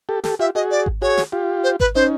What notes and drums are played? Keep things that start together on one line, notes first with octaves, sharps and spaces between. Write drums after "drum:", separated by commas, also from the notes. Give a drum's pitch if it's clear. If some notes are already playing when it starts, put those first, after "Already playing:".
G4 A4
G4 A4, drum: snare
F4 G4 E5
F#4 G#4 D#5
D5
drum: kick G#1
F#4 G#4 C#5
drum: snare
F4 G4
C5
B4, drum: kick G#1
C#4 D#4 C5